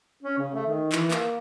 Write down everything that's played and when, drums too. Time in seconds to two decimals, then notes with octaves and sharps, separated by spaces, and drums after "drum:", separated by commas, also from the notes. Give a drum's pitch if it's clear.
0.23 C#4
0.38 C#3
0.54 A3
0.67 D#3
0.92 E3, drum: clap
1.11 A#3, drum: clap